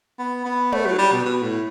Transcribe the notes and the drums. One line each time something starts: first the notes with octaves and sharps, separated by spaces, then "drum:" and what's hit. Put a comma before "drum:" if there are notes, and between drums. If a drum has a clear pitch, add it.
B3
B3
A3, drum: tom
F#3
G3
B2
B2
A2